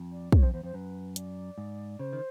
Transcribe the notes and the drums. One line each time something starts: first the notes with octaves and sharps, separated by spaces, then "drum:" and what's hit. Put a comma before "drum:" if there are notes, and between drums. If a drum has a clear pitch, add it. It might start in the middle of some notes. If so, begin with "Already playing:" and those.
Already playing: F2
D5
C#5, drum: kick
F2 C5
E2 C5
F2 C5
F#2 B4
D5, drum: hi-hat
G#2
C#3 C5
D#3